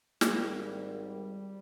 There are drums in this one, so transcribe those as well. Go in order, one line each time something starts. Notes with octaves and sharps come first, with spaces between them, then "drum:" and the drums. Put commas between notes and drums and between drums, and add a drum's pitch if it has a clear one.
G#1 G3, drum: snare